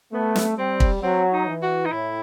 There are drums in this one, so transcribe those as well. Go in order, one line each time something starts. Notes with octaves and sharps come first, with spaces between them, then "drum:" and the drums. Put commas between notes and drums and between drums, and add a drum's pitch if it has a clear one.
A3 B3
drum: snare
G3 C4
drum: kick
F#3 C4
D#4
E3
F#4
D#4
A2 E4